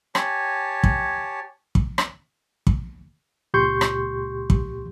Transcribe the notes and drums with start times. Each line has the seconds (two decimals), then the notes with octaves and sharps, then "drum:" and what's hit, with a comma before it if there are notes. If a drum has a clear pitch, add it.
0.15 G4 C#5 G#5 A5, drum: rim click
0.84 drum: kick
1.75 drum: kick
1.98 drum: rim click
2.67 drum: kick
3.54 C#2 A#2 G4 C6 C#6 G6
3.81 drum: rim click
4.50 drum: kick